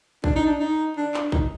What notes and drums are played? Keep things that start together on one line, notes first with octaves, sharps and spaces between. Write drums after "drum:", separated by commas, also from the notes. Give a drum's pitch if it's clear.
D4, drum: kick A#1
D#4
D4
D#4
D4
drum: clap
D#4, drum: kick A#1